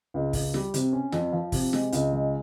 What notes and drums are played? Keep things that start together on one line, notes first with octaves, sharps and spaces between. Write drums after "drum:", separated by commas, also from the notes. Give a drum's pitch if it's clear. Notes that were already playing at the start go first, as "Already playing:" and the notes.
C#2
C#2, drum: kick, open hi-hat
G3, drum: snare
C3, drum: hi-hat
C#4
F2, drum: snare
F3
C3, drum: kick, open hi-hat
G#3, drum: snare
C#2, drum: hi-hat
G#3